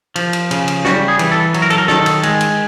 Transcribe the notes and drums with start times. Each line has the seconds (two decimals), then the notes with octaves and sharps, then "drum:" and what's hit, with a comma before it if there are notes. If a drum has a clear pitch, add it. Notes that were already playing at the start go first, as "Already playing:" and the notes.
0.16 F3, drum: cymbal
0.33 drum: cymbal
0.51 C#3, drum: cymbal
0.68 drum: cymbal
0.85 G3 F#4, drum: snare
1.08 G#4
1.19 E3, drum: cymbal
1.32 A4
1.54 F#3, drum: cymbal
1.62 A#4
1.70 A4, drum: cymbal
1.78 A#4
1.88 D#3 A4, drum: snare
2.06 drum: cymbal
2.23 G#3, drum: cymbal
2.40 drum: cymbal